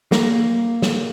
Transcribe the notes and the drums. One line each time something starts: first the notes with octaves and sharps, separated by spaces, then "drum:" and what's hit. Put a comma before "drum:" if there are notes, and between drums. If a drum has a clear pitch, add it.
A#3, drum: snare
drum: snare